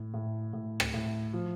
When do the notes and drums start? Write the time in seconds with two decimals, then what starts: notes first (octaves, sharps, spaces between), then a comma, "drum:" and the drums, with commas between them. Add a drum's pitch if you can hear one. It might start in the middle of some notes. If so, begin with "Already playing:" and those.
Already playing: A2
0.14 A2
0.53 A2
0.80 drum: rim click
0.94 A2
1.33 F3